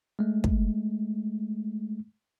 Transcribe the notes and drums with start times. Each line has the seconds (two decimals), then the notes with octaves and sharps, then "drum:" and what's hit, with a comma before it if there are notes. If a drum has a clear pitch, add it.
0.19 G#3 A3
0.44 drum: kick